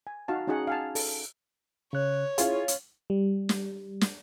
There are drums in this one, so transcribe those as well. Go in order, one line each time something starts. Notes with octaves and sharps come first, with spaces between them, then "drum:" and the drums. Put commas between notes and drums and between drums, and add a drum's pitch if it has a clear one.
G#5
D#4 F#4 F5 A5
C#4 D#4 F#4 G#4 F#5 G#5
F5 G#5 A5
A4, drum: open hi-hat
C#3 C#5 F#6
C#4 E4 F4 G#4, drum: hi-hat
drum: hi-hat
G3
drum: snare
drum: snare